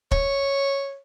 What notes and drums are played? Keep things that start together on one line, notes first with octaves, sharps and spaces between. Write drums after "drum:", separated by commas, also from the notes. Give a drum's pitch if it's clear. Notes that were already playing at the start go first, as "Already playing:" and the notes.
C#5, drum: kick